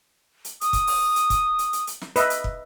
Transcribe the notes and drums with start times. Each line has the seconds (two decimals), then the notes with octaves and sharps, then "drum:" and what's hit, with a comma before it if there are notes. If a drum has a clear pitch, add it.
0.45 drum: hi-hat
0.61 D#6, drum: hi-hat
0.73 drum: kick, hi-hat
0.87 drum: open hi-hat
1.16 drum: hi-hat
1.30 drum: kick, hi-hat
1.59 drum: hi-hat
1.73 drum: hi-hat
1.87 drum: hi-hat
2.01 drum: snare
2.16 B4 D#5 E5, drum: hi-hat
2.30 drum: hi-hat
2.44 drum: kick